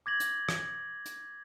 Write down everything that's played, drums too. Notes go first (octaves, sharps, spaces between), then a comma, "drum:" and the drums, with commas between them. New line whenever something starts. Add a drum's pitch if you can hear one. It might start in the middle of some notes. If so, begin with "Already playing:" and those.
D6 G#6 A#6 F#7
drum: hi-hat
drum: rim click
drum: hi-hat